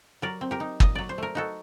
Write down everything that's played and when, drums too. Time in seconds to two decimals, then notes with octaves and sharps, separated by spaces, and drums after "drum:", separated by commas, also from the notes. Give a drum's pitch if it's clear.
0.22 F#3 A#4 D5
0.41 C4
0.51 G4 A#4
0.60 D#4
0.80 A#2 D#5, drum: kick
0.95 F#3 D5
1.09 C5
1.18 A3 A#4
1.35 D#4 F#4 A4